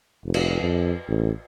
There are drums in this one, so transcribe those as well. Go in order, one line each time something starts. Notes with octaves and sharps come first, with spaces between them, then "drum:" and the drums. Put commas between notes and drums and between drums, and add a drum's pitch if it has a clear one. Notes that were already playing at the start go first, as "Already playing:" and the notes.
F1
drum: cymbal
F2
A1